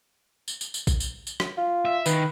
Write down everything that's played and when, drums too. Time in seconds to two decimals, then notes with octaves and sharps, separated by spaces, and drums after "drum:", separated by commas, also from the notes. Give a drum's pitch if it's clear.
0.48 drum: tambourine
0.61 drum: tambourine
0.74 drum: tambourine
0.87 drum: kick A#1, tambourine
1.00 drum: tambourine
1.27 drum: tambourine
1.40 drum: rim click
1.58 F4
1.85 E5
2.06 D#3 B4, drum: tambourine